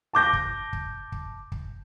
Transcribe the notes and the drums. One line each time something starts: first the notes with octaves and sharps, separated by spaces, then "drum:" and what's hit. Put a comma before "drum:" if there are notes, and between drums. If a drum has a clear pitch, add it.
A5 D6 G6 A#6
drum: kick
drum: kick
drum: kick
drum: kick